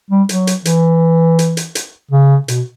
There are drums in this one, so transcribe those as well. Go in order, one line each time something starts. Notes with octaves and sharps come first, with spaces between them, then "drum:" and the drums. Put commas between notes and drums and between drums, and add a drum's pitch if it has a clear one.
G3
F#3, drum: hi-hat
drum: hi-hat
E3, drum: hi-hat
drum: hi-hat
drum: hi-hat
drum: hi-hat
C#3
B2, drum: hi-hat